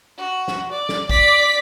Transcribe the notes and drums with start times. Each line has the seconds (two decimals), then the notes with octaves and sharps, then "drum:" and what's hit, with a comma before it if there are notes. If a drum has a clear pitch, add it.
0.18 F#4
0.48 drum: snare
0.72 D5
0.89 drum: snare
1.09 D5 B6, drum: kick